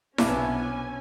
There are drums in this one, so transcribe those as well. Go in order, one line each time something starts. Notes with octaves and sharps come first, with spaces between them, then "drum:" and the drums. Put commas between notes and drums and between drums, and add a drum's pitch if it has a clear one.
B1 C3 B3 C#4 D4 E4 G#5, drum: snare E4